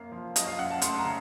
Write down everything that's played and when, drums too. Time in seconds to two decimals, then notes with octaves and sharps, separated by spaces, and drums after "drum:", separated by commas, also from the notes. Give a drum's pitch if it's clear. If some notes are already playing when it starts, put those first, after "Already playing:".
Already playing: F#2 A#3 C#4 F5
0.12 F3
0.36 F#2 D#5, drum: hi-hat
0.47 F5
0.59 F#2 F#5
0.71 A5
0.82 A3 C6, drum: hi-hat
0.98 A#5
1.05 C#3